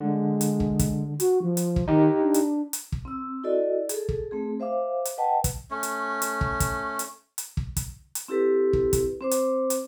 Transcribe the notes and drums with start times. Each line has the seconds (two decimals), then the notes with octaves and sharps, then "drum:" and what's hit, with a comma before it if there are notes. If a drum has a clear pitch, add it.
0.01 D3 G#3
0.41 drum: hi-hat
0.60 drum: kick
0.79 drum: kick, hi-hat
1.20 F#4, drum: hi-hat
1.42 F3
1.57 drum: hi-hat
1.76 drum: kick
1.88 D#3 D#4 G4
2.22 D4
2.34 drum: hi-hat
2.73 drum: hi-hat
2.92 drum: kick
3.05 C4 E6
3.44 E4 F#4 A4 D5 D#5
3.89 G#4 A4, drum: hi-hat
4.09 drum: kick
4.31 A3 C4 G#4
4.60 C5 E5 F5 D6
5.05 drum: hi-hat
5.18 B4 D#5 F#5 G5 A5
5.44 drum: kick, hi-hat
5.71 A3 C#4
5.83 drum: hi-hat
6.22 drum: hi-hat
6.41 drum: kick
6.60 drum: kick, hi-hat
6.99 drum: hi-hat
7.38 drum: hi-hat
7.57 drum: kick
7.76 drum: kick, hi-hat
8.15 drum: hi-hat
8.28 C4 E4 G4 A4 B4
8.73 drum: kick
8.93 drum: kick, hi-hat
9.21 C4 C5 D6
9.31 drum: hi-hat
9.70 drum: hi-hat